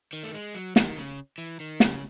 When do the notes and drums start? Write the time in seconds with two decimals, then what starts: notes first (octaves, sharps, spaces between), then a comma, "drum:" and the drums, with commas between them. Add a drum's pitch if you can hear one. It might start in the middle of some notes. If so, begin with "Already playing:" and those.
0.13 D#3
0.23 A3
0.34 G#3
0.55 F#3
0.76 D#3, drum: snare
0.96 C#3
1.38 E3
1.60 D#3
1.80 C#3, drum: snare